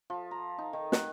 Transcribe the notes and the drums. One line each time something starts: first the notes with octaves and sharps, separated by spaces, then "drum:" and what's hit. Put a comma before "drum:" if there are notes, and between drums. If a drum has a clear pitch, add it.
F3
A#5
D#4
D#3
F#5, drum: snare